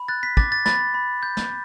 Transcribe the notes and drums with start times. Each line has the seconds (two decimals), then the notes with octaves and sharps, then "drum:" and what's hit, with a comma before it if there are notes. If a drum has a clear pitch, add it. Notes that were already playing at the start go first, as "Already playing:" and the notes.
Already playing: B5
0.08 F#6 A6
0.23 B6
0.37 D6 A6, drum: kick
0.52 A6
0.66 B5 A6, drum: snare
0.94 B5
1.23 G6
1.37 drum: snare